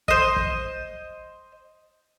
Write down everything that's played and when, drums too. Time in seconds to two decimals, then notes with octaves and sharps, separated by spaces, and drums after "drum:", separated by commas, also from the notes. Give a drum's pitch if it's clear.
0.08 C5 D#5, drum: kick
0.36 drum: kick